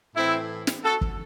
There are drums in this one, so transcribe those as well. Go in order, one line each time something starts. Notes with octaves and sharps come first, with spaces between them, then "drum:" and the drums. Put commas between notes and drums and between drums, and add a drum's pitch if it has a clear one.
A2 E3 C4 E4
drum: snare
F#4 A4
drum: kick